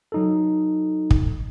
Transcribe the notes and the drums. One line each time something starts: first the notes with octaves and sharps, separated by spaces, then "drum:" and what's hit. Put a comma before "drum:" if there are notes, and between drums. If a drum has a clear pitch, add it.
F#3 D#4 A4
drum: kick